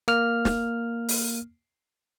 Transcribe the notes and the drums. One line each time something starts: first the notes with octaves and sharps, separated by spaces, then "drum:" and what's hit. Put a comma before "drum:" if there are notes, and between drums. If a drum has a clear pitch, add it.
A#3 F6, drum: rim click
drum: snare
drum: open hi-hat